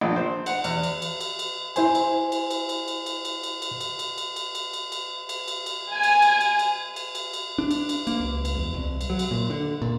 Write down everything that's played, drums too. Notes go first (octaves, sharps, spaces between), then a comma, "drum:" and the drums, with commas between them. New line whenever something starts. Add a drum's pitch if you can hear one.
A#1
C5
F#5, drum: cymbal
E2, drum: cymbal
drum: cymbal
drum: cymbal
drum: cymbal
drum: cymbal
E4 C5 G#5, drum: cymbal
drum: cymbal
drum: cymbal
drum: cymbal
drum: cymbal
drum: cymbal
drum: cymbal
drum: cymbal
drum: cymbal
drum: cymbal
drum: cymbal
drum: cymbal
drum: cymbal
drum: cymbal
drum: cymbal
drum: cymbal
drum: cymbal
drum: cymbal
drum: cymbal
drum: cymbal
G#5
drum: cymbal
drum: cymbal
drum: cymbal
drum: cymbal
drum: cymbal
drum: cymbal
drum: cymbal
D4
drum: cymbal
drum: cymbal
A#3, drum: cymbal
C#2
drum: cymbal
E2
C2
drum: cymbal
F#3
drum: cymbal
A#2
D3
A#2